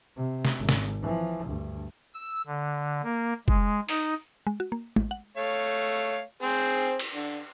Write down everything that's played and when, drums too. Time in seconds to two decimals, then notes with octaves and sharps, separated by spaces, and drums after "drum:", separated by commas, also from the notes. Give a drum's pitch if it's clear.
0.17 C3
0.45 drum: snare
0.57 G#1 G#2
0.69 drum: snare
1.02 E3 F3
1.47 D2 G2
2.15 E6
2.47 D3
3.03 A#3
3.48 G#3, drum: kick
3.89 D#4, drum: open hi-hat
4.47 G#3
4.60 F#4
4.72 A#3
4.96 A1, drum: tom
5.11 F#5
5.37 A3 C#5 F5
6.42 C4 G#4 C5
6.99 drum: cymbal
7.14 D3